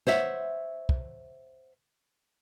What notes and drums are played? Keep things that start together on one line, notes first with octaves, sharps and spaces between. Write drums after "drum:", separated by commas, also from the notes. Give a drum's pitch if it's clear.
C5 C#5 E5 F#5, drum: snare
drum: kick